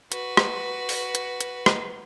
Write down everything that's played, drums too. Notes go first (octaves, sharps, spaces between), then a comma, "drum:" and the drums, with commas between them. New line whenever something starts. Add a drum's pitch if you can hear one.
F#4 B4, drum: hi-hat
drum: rim click
drum: open hi-hat
drum: hi-hat
drum: hi-hat
drum: rim click